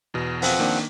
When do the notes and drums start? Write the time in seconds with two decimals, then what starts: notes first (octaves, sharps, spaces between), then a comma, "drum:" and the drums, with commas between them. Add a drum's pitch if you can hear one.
0.14 E2 B2
0.42 F3 C4 F#5, drum: open hi-hat
0.59 D#3 A#3 D4